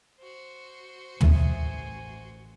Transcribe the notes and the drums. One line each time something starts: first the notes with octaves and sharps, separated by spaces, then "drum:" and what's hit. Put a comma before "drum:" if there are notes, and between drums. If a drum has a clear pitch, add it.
F#4 C5
A1 D#3 B3 E5 G#5, drum: tom